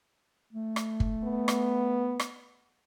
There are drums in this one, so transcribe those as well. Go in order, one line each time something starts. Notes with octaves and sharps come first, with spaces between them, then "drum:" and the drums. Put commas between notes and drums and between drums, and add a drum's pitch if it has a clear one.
A3
drum: rim click
drum: kick
B3
drum: rim click
drum: rim click